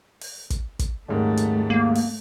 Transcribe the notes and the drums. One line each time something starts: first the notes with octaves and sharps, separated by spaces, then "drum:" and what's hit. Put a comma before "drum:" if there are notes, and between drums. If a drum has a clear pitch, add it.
drum: open hi-hat
drum: kick, hi-hat
drum: kick, hi-hat
D#1 G#2 A3 A#4
drum: hi-hat
A#3
drum: open hi-hat